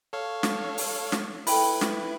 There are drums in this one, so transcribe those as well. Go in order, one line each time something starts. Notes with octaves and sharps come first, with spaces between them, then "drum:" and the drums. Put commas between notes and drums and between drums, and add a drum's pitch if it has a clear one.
A4 C#5 F5
drum: snare
drum: open hi-hat
drum: snare
E4 A4 B4 G5 B5, drum: open hi-hat
drum: snare